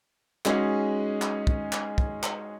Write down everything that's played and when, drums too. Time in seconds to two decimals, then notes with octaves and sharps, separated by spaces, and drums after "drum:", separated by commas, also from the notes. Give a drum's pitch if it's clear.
0.45 G#3 C#4 D#4 F#4 G#4 D#5, drum: clap
1.22 drum: clap
1.47 drum: kick
1.72 drum: clap
1.98 drum: kick
2.23 drum: clap